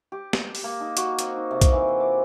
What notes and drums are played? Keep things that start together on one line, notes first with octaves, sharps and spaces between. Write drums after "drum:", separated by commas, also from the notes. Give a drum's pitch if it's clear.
G4
G4, drum: snare
drum: open hi-hat
A#3
D#4
F#4, drum: hi-hat
C4, drum: hi-hat
D#4
C3
drum: kick, hi-hat
E3
C5
D6